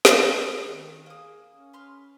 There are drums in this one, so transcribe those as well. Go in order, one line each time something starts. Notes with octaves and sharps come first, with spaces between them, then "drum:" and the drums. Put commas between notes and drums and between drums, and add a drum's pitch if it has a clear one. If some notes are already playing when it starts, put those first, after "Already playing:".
drum: snare
D#3
A#3 G#4 D#6
C#4
B4 C6 F6